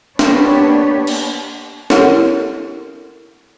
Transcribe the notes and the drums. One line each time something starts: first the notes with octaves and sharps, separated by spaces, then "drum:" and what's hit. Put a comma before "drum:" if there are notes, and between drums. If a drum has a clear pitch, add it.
A#3 B3 D4 G4 B4 C#5, drum: snare
drum: cymbal
E4 G4 A4 A#4 C#5 F#5, drum: snare